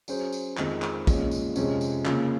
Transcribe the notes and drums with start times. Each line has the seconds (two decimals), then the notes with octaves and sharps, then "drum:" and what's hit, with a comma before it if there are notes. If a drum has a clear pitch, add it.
0.08 F#3 C#4 G#4 C5, drum: tambourine
0.33 drum: tambourine
0.57 F2 D#3 G#3 C4, drum: clap
0.82 drum: clap
1.07 A#2 F3 G#3 C#4, drum: kick, tambourine
1.31 drum: tambourine
1.56 F2 C3 F3 G#3 C#4, drum: tambourine
1.81 drum: tambourine
2.05 C#3 F3 A#3, drum: clap